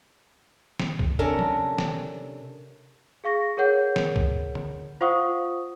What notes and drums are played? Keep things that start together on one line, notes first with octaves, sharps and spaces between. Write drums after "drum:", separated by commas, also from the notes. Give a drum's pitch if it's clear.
drum: snare
drum: kick
C3 C#4 D4 A4 A#4
drum: tom
drum: snare
G#4 F5 C#6 A#6
G#4 A#4 C#5 F#5 G6
drum: snare
drum: kick
drum: tom
F4 C5 F5 F#5 C#6 D#6